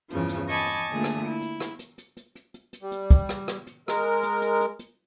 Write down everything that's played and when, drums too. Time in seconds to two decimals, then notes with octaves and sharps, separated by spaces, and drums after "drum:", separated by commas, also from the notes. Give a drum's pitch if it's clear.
0.10 E2 G2 C#3 E3 F3, drum: hi-hat
0.29 drum: hi-hat
0.49 D#5 G#5 A5 B5 C#6 D6, drum: hi-hat
0.67 drum: hi-hat
0.91 A#2 D3 A3 G#4 D#6
1.04 drum: rim click
1.27 E4
1.42 drum: hi-hat
1.60 drum: rim click
1.79 drum: hi-hat
1.98 drum: hi-hat
2.17 drum: hi-hat
2.35 drum: hi-hat
2.54 drum: hi-hat
2.73 drum: hi-hat
2.82 G3
2.92 drum: hi-hat
3.10 drum: kick, hi-hat
3.29 drum: rim click
3.48 drum: rim click
3.67 drum: hi-hat
3.88 G#3 A#4, drum: rim click
4.23 drum: hi-hat
4.42 drum: hi-hat
4.61 drum: hi-hat
4.79 drum: hi-hat